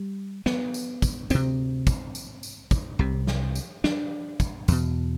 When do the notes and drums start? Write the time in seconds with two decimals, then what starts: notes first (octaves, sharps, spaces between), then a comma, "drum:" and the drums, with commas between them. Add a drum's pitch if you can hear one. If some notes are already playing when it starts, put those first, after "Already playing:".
Already playing: G3
0.46 B3, drum: snare
0.74 drum: tambourine
1.02 drum: kick, tambourine
1.30 D2 C3 C4, drum: tambourine
1.87 drum: kick, tambourine
2.15 drum: tambourine
2.43 drum: tambourine
2.71 drum: kick, tambourine
2.99 C2 C3
3.27 drum: snare
3.55 drum: tambourine
3.84 D4, drum: snare
4.40 drum: kick, tambourine
4.68 E2 B2, drum: tambourine